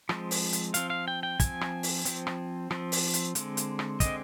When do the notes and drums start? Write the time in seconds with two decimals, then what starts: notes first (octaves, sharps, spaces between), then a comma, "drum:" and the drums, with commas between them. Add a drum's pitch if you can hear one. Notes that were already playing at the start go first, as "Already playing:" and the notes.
0.09 F3 G#3 C4, drum: rim click
0.31 drum: open hi-hat
0.53 drum: hi-hat
0.74 F3 C4 F5, drum: hi-hat
0.90 F5
1.08 G5
1.23 G5
1.40 F3 C4 G#5, drum: kick, hi-hat
1.61 drum: rim click
1.83 drum: open hi-hat
2.05 F3 C4, drum: hi-hat
2.27 drum: rim click
2.71 F3 C4, drum: rim click
2.92 drum: open hi-hat
3.14 drum: hi-hat
3.35 D3 G#3 C4, drum: hi-hat
3.57 drum: hi-hat
3.79 drum: rim click
4.00 D3 G#3 C4 D#5, drum: kick, hi-hat